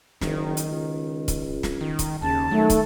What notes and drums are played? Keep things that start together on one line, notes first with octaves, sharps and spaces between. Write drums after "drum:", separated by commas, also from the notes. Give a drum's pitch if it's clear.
F#1 D#3, drum: snare
drum: hi-hat
C#2
drum: kick, hi-hat
drum: snare
D#3
drum: kick, hi-hat
D#2 C#3 A5
D#3 F#3 A3
drum: kick, hi-hat